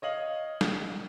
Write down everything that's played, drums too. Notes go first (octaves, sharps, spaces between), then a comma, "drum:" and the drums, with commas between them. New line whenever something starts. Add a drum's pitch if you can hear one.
C#5 D#5 F5 F#7
drum: snare